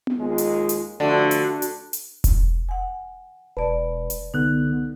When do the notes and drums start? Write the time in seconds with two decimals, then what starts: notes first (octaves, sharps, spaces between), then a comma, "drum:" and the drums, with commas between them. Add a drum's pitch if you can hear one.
0.07 drum: tom B3
0.19 D#2 G#3 F4
0.38 drum: hi-hat
0.69 drum: hi-hat
1.00 D3 F3 A3 F#4
1.31 drum: hi-hat
1.62 drum: hi-hat
1.93 drum: hi-hat
2.24 drum: kick E1, hi-hat
2.69 F#5 G#5
3.57 E1 B4 D5 A5
4.10 drum: hi-hat
4.34 C2 D3 B3 D#4 F#6